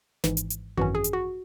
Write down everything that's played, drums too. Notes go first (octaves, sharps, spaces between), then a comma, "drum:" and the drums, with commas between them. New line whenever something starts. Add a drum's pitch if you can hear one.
G#1 G#2 E3, drum: snare
drum: hi-hat
drum: hi-hat
G#1 F#2 E3 C#4 F#4
G#4
drum: hi-hat
F#4